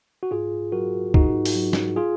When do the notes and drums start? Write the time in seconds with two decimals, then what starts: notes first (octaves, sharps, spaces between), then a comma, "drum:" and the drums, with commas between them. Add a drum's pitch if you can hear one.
0.23 F#4
0.31 G#2 F4 G#4
0.72 F#3 F#4 A#4
1.14 G#2 D#4 F#4, drum: kick
1.45 drum: open hi-hat
1.55 F#3
1.73 drum: snare
1.96 F4 G#4